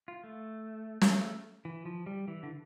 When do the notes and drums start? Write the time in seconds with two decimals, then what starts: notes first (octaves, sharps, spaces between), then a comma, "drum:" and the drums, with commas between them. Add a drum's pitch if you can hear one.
0.08 F4
0.24 A3
1.01 A3, drum: snare
1.65 E3
1.85 F3
2.06 G3
2.28 E3
2.43 D3